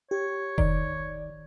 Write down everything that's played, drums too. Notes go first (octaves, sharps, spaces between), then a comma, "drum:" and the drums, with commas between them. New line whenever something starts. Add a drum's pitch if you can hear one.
G4 C#5
D#3 D5, drum: kick F1